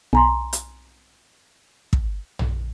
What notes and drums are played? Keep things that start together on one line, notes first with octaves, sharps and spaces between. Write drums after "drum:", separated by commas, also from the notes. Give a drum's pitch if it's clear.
B1 G#5 A#5 C6
drum: hi-hat
drum: kick
drum: tom A#1